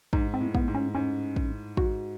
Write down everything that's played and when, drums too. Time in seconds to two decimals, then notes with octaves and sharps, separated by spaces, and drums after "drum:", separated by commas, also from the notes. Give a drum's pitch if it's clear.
0.13 G#2 D#4, drum: kick
0.34 C4
0.40 A2
0.55 B3, drum: kick
0.68 G#2
0.75 C#4
0.95 G#2 C#4
1.36 drum: kick
1.77 G#2 F#4, drum: kick